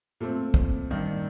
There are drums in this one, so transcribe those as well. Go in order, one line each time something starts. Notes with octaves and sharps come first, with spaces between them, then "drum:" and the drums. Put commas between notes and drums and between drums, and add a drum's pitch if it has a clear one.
A#2 A3 C4
drum: kick
A1 G2 D#3 A#3 D4